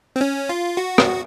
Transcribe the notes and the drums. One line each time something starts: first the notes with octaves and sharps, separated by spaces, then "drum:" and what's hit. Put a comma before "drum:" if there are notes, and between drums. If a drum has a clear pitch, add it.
C4
C#4
F4
F#4
drum: rim click